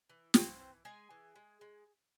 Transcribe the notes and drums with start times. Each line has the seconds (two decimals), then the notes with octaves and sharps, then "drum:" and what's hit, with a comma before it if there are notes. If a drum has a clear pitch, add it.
0.10 E3
0.34 E3 C4 C5, drum: snare
0.60 E3
0.85 G#3 G#4 G#5
1.10 E3
1.36 G#3
1.61 G#3